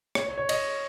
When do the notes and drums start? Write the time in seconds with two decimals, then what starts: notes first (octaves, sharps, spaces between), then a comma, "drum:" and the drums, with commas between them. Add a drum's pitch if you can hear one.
0.15 C#5, drum: rim click
0.26 C#5
0.38 C#5
0.49 D#5, drum: cymbal